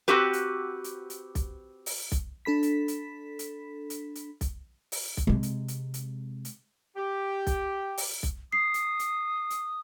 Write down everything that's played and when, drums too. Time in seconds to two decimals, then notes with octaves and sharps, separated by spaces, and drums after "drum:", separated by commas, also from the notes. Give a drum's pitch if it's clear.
0.08 C4 F#4 G4 B4
0.33 drum: hi-hat
0.84 drum: hi-hat
1.10 drum: hi-hat
1.35 drum: kick B1, hi-hat
1.86 drum: open hi-hat
2.12 drum: kick B1, hi-hat
2.45 D4 A4 B5 B6
2.63 drum: hi-hat
2.88 drum: hi-hat
3.39 drum: hi-hat
3.90 drum: hi-hat
4.15 drum: hi-hat
4.41 drum: kick B1, hi-hat
4.92 drum: open hi-hat
5.17 drum: kick B1, hi-hat
5.27 C3 G#3
5.43 drum: hi-hat
5.68 drum: hi-hat
5.94 drum: hi-hat
6.45 drum: hi-hat
6.97 G4
7.47 drum: kick B1, hi-hat
7.98 drum: open hi-hat
8.23 drum: kick B1, hi-hat
8.52 D#6 C7
8.74 drum: hi-hat
8.99 drum: hi-hat
9.50 drum: hi-hat